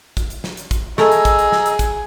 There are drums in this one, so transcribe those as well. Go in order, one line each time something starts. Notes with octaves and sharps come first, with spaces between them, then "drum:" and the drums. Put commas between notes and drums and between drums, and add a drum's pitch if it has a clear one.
drum: kick, hi-hat
drum: hi-hat
drum: snare
drum: hi-hat
drum: kick, hi-hat
A3 G#4 A#4 D#5 A#5 E6, drum: snare
drum: hi-hat
drum: kick, hi-hat
drum: hi-hat
drum: snare
drum: hi-hat
drum: kick, hi-hat